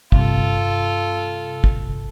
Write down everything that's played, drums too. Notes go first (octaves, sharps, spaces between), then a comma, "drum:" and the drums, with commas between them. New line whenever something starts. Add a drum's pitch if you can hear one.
G2 C3 F4 A4, drum: kick
drum: kick